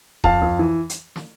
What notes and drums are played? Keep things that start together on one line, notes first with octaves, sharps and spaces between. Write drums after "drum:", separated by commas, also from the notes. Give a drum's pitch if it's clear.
F2 F5 A5, drum: kick D#1
F2
E3
drum: hi-hat
drum: snare